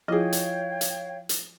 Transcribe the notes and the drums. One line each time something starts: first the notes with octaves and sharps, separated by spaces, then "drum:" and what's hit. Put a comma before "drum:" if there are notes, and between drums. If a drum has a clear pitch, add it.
F3 E4 F4 G#4 C#5 D#5 F5 G5
drum: hi-hat
drum: hi-hat
drum: hi-hat